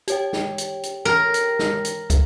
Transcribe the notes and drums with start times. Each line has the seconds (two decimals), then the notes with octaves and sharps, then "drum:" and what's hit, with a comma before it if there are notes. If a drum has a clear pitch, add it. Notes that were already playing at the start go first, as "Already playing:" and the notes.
0.08 G4 C#5 G5, drum: hi-hat
0.33 drum: snare
0.58 drum: hi-hat
0.83 drum: hi-hat
1.05 A#4
1.34 drum: hi-hat
1.59 drum: snare
1.85 drum: hi-hat
2.10 drum: kick, hi-hat